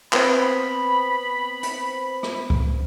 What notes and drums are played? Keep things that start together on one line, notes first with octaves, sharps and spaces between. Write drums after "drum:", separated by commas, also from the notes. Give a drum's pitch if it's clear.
B3 C4 B5, drum: clap
drum: hi-hat
drum: rim click
drum: kick C#2